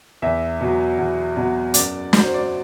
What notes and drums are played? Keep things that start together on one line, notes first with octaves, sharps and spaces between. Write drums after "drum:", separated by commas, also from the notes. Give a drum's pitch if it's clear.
E2 E5
B2 F#3
E2
B2 F#3
F#2 D5, drum: hi-hat
F#3 D5, drum: snare
C5
D5